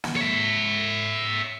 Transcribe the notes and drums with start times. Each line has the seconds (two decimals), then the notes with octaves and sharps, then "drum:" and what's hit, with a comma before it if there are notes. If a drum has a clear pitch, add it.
0.04 drum: snare
0.16 C#5 E5